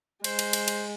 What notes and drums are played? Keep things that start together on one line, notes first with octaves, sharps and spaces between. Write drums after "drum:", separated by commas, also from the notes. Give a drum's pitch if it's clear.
G#3 C5, drum: cymbal
drum: cymbal
drum: cymbal
drum: cymbal